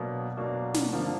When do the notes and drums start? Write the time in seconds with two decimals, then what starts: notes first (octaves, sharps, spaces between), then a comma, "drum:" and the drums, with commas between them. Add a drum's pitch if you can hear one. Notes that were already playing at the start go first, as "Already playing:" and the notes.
Already playing: B2 F#3 A#3 D4
0.37 B2 F#3 A#3 D4 F#4
0.74 drum: snare
0.93 G2 D3 F3 A#3